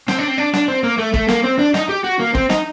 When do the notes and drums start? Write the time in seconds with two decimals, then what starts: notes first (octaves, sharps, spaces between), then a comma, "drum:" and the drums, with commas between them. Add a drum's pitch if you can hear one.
0.08 C4, drum: snare
0.19 D4
0.28 C4
0.38 D4
0.54 D4, drum: snare
0.68 C4
0.84 A#3
0.98 A3
1.14 A3, drum: kick
1.28 A#3, drum: snare
1.44 C4
1.59 D4
1.74 D#4, drum: snare
1.89 G4
2.04 F#4
2.20 A#3
2.35 C4, drum: kick
2.50 D#4, drum: snare